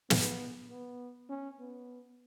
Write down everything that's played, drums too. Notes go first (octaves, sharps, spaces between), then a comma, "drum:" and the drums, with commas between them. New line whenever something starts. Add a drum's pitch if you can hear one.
B3, drum: snare
B3
C#4
B3